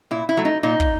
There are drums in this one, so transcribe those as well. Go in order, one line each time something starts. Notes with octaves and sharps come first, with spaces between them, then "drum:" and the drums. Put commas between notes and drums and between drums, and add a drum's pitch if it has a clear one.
A#2 E4
E4
F#3 A3
D#4
A#2 D#4
drum: kick